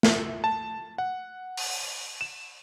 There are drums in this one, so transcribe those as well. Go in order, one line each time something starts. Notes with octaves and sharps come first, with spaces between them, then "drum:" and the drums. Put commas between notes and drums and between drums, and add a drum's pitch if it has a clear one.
E5, drum: snare
A5
F#5
drum: open hi-hat
E7